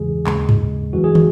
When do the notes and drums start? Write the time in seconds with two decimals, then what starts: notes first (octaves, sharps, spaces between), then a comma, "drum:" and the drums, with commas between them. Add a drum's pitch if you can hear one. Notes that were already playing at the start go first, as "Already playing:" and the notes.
Already playing: E2 C#3 E3 G#3 G#4
0.27 D#2 C#3 G#3, drum: clap
0.49 drum: tom G2
0.93 F#2 E3 G#3 F#4
1.04 G#4
1.15 F#4, drum: tom